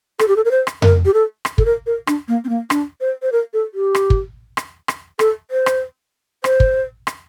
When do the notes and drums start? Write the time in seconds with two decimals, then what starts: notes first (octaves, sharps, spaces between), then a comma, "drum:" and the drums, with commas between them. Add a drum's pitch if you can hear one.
0.19 A4, drum: rim click
0.28 G4
0.36 A4
0.45 A#4
0.51 C5
0.67 drum: rim click
0.82 A#4, drum: tom F2
1.05 G4
1.14 A4
1.45 drum: rim click
1.58 A4, drum: kick
1.65 A#4
1.87 A#4
2.07 D4, drum: rim click
2.28 A#3
2.44 C4
2.49 A#3
2.70 D4, drum: rim click
3.01 C5
3.22 C5
3.32 A#4
3.54 A4
3.74 G4
3.95 drum: rim click
4.10 drum: kick
4.57 drum: rim click
4.88 drum: rim click
5.19 A4, drum: rim click
5.51 C5
5.66 drum: rim click
6.44 C5, drum: rim click
6.60 drum: kick
7.07 drum: rim click